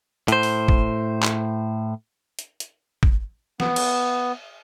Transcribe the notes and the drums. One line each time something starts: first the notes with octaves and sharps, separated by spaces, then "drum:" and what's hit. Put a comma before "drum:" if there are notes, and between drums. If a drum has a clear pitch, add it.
A2 C5, drum: hi-hat
drum: open hi-hat
drum: kick
drum: clap
drum: hi-hat
drum: hi-hat
drum: kick
B3, drum: snare
drum: cymbal